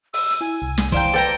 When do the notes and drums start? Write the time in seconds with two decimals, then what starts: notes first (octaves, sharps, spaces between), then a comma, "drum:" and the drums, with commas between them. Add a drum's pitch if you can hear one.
0.14 E6, drum: open hi-hat
0.30 drum: hi-hat
0.41 E4 G#5
0.62 C2
0.78 drum: snare
0.92 E3 C5 D5 F5 G5 A#5 D7, drum: kick, hi-hat
1.13 A4 B4 C5 G5 A#5 D6